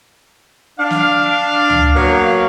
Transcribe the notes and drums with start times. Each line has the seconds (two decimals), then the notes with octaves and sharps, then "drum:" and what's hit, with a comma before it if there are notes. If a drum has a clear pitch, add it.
0.79 D4 F5
0.90 drum: snare
1.70 drum: tom C#2
1.95 F#3 A#3 B3 A#4 C#5 F5